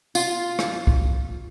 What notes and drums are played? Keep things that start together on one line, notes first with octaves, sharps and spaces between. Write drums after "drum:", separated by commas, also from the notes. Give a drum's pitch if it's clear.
F4, drum: tambourine
drum: rim click
drum: kick